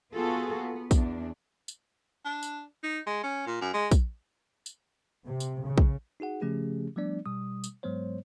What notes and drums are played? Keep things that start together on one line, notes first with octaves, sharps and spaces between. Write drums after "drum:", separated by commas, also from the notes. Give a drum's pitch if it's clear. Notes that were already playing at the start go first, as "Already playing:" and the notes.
B3 F4 F#4 G#4 A4
B3
E2 D4, drum: kick, tambourine
drum: tambourine
D4
drum: tambourine
D#4
G#3
C#4
A#2
F#2
G#3
drum: kick, tambourine
drum: tambourine
C3
drum: tambourine
C#3
drum: kick
D#4 F#4 G#4 F#5
C#3 F3 A3 C#4 G4 G#4
F3 G3 A3 B3 D4 D5
B2 G3 D#6
drum: tambourine
G#2 F#3 G#3 B3 C5 C#5